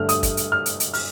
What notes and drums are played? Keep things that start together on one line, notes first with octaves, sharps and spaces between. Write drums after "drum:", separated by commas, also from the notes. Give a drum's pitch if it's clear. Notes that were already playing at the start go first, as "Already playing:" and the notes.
Already playing: G2 D3 A3 F6
D#6, drum: hi-hat
drum: kick, hi-hat
drum: hi-hat
F6
drum: hi-hat
drum: hi-hat
F6, drum: open hi-hat